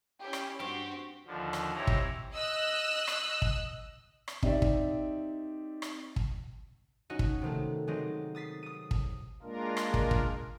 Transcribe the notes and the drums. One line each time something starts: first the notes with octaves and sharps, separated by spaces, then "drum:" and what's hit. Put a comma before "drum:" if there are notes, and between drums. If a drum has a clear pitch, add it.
C#4 E4 G4 G5
drum: rim click
G2 C4 F#4 G4 C5 C#6
D#2 D3 F3
drum: rim click
G#2 C4 E4 G4 C#5 A#5
drum: kick
D#5 E6 F#6
drum: rim click
drum: kick
drum: rim click
C4 D#4 G4 D5 E5, drum: kick
drum: kick
drum: rim click
drum: kick
C#4 D#4 F#4 C#5 D#5
drum: kick
C3 D#3 A3
D#3 F#3 G#3 C4 G4 D#5
D#6 A6 B6 C7
D#6 D#7
drum: kick
G#3 A#3 D4 F4 A#4
drum: rim click
drum: kick
drum: kick